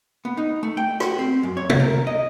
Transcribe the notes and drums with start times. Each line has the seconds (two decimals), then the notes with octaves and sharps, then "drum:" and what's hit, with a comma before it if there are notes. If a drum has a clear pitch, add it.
0.25 B3
0.37 D#4
0.63 A3
0.77 G5
1.00 F#4, drum: rim click
1.19 C4
1.43 F#2
1.57 C#5
1.70 drum: tom C3
1.80 A#4
2.07 D#5